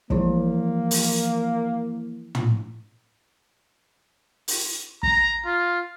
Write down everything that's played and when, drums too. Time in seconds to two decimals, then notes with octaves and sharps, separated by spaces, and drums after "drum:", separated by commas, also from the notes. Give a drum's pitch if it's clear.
0.10 E3 F3 A#3 E4, drum: kick
0.91 drum: open hi-hat
2.35 drum: tom
4.48 drum: open hi-hat
5.03 A#5, drum: kick
5.45 F4